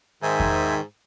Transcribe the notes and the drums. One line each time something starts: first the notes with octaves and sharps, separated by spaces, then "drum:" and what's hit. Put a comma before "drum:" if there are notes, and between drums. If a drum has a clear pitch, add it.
G#2 D#3 C5 E5 G#5
drum: kick E2